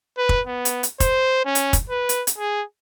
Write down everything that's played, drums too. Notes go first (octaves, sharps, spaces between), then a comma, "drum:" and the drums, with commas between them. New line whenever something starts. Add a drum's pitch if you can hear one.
B4
drum: kick
B3
drum: hi-hat
drum: hi-hat
C5, drum: kick, hi-hat
C#4
drum: hi-hat
drum: kick, hi-hat
B4
drum: hi-hat
drum: hi-hat
G#4